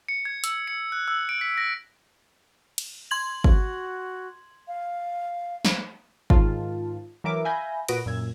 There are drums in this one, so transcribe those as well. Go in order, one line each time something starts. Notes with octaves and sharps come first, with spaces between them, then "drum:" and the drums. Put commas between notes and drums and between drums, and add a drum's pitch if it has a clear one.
C#7
G#6
E6, drum: hi-hat
C#7
F#6
E6
D7
B6
A#6
drum: cymbal
C6 G#6 F#7
F#4, drum: kick
F5
drum: snare
G#2 D#3 F4 A5, drum: kick
E3 F#3 A#4 E5 D6
E5 F5 G#5 B5 G6 A#6
A#2 F#4 B4 D#6 A#6 D7, drum: cymbal
F#2 A#2 E6 G#6